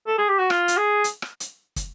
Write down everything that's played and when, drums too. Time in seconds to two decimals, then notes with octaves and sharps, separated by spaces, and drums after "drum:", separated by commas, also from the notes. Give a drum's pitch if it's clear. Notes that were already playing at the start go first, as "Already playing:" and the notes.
0.07 A4
0.18 G#4
0.29 G4
0.39 F#4
0.50 F4, drum: rim click
0.68 drum: hi-hat
0.77 G#4
1.04 drum: hi-hat
1.22 drum: rim click
1.40 drum: hi-hat
1.76 drum: kick, hi-hat